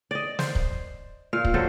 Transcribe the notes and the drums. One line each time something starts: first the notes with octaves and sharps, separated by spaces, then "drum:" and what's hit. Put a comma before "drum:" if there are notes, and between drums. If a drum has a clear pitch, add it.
D5 D#5
C5, drum: snare
drum: kick
A#2 F5
drum: kick
F#3 D4 A4 C5